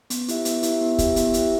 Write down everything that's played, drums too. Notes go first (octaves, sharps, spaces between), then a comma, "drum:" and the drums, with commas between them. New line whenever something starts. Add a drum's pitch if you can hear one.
B3, drum: hi-hat
E4 G4 E5, drum: hi-hat
B3, drum: hi-hat
E4 G4 E5, drum: hi-hat
B3
E4 G4 E5, drum: kick, hi-hat
B3, drum: hi-hat
E4 G4 E5, drum: hi-hat